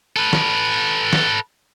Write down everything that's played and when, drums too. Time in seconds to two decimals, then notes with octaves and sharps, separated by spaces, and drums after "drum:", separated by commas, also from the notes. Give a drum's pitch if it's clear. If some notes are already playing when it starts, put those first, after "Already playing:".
0.17 A4 B4
0.33 drum: snare
1.13 drum: snare